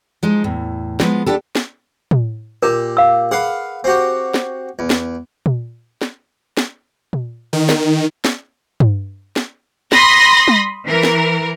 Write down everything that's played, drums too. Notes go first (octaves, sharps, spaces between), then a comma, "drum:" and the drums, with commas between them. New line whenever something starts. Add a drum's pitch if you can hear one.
F3 G#3 D#4
E2 A2
F3 G#3 B3, drum: snare
B3 D4 F#4 G4 A4
drum: snare
drum: tom
A#2 G4 A#4
F5 E6
G#4 B4 F5 F#5
C4 F#4 G4
drum: snare
E2
drum: snare
drum: tom A#2
drum: snare
drum: snare
drum: tom A#2
D#3
drum: snare
drum: snare
drum: tom G2
drum: snare
B5 C6 D#6 A#6, drum: snare
drum: tom G3
E3 A#4
drum: snare